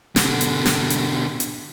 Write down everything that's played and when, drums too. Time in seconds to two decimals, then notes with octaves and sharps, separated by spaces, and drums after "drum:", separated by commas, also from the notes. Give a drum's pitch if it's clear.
0.16 B2 D3, drum: snare
0.41 drum: hi-hat
0.66 drum: snare
0.90 drum: hi-hat
1.40 drum: hi-hat